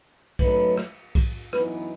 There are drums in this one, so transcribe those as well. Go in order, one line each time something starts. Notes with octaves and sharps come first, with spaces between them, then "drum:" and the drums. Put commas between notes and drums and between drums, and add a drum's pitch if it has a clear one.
F#2 F#3 A3 D#4 B4, drum: kick B1, cymbal
drum: rim click
drum: kick B1, cymbal
F#2 E3 B3 D#4 B4, drum: rim click